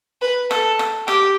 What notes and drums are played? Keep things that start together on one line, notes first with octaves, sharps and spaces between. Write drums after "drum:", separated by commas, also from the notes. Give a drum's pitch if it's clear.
B4
A4, drum: rim click
drum: rim click
G4, drum: rim click